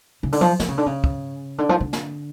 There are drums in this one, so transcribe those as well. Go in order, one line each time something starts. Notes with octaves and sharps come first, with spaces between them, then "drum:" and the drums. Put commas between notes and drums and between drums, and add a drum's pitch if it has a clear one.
C#3
D3, drum: open hi-hat
F3
F3, drum: snare
C#3
D3
C#3
drum: kick
D3
F3
D3
drum: snare